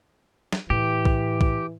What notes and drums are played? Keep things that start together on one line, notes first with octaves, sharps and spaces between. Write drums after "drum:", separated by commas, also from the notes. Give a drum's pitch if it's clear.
drum: snare
A2 E3 G4
drum: kick B1
drum: kick B1